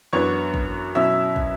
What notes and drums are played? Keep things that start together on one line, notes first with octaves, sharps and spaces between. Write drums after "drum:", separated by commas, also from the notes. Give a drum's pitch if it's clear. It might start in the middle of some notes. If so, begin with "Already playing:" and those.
F#2 E3 B3 D4 C#5 C#6
drum: kick
B2 F#3 C#4 E4 E5 E6
drum: kick